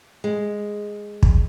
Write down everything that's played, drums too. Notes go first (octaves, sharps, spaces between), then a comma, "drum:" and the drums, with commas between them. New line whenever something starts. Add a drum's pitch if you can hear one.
G#3
drum: kick